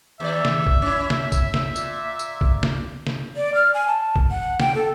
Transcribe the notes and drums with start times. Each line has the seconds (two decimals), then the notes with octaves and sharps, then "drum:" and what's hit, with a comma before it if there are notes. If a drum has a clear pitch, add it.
0.20 D#2 D5 E5
0.45 drum: snare
0.67 drum: kick
0.82 C#4 E4
1.10 drum: snare
1.32 drum: kick, tambourine
1.54 drum: snare
1.76 A#2, drum: tambourine
2.19 drum: tambourine
2.41 drum: kick
2.63 drum: snare
3.07 drum: snare
3.36 D5
3.55 F6
3.74 G#5
3.88 A5
4.16 drum: kick
4.31 F#5
4.60 G5, drum: snare
4.75 A4